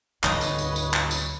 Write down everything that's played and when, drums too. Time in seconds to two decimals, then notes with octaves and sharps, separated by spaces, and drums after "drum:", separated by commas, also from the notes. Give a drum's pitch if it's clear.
0.24 D2 G#2 D3 G3 B4 C#5 D#5, drum: clap
0.41 drum: tambourine
0.58 drum: tambourine
0.76 drum: tambourine
0.93 drum: clap
1.11 drum: tambourine